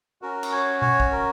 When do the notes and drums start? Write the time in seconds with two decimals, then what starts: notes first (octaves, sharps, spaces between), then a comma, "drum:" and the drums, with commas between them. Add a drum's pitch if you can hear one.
0.22 C#4 F#4 A#4
0.43 drum: cymbal
0.52 C#5
0.82 C#5, drum: tom B2
1.00 drum: kick
1.12 A#4